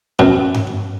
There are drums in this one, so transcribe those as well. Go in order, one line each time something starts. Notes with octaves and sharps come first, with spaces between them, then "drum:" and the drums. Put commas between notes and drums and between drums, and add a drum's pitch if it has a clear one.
F#2
drum: tom G2